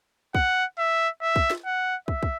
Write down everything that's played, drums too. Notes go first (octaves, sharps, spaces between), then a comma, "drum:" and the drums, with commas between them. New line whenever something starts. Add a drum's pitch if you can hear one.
F#5, drum: kick
E5
E5
drum: kick
drum: snare
F#5
E5, drum: kick
drum: kick